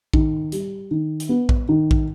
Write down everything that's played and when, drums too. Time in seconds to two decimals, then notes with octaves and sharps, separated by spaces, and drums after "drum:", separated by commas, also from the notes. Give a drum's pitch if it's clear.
0.14 D#3, drum: kick A#1
0.52 G3, drum: hi-hat
0.91 D#3
1.20 drum: hi-hat
1.29 B3
1.49 drum: kick A#1
1.69 D#3
1.91 drum: kick A#1